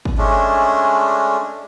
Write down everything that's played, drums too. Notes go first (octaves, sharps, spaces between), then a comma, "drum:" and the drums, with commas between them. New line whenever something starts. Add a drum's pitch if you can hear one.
drum: kick
G#3 A3 C#4 D4